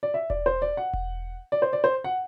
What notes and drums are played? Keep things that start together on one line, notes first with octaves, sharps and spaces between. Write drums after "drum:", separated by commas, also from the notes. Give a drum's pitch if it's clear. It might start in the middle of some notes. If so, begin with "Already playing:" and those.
D5
E5
D5, drum: kick E1
C5
D5
F#5
drum: kick E1
D5
C5
D5
C5
F#5